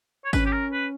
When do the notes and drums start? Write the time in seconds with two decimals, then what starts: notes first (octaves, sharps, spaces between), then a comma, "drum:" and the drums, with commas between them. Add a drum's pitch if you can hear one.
0.25 C#5
0.33 C#4 B4, drum: kick G#1, tambourine
0.46 G4
0.52 A#4
0.73 B4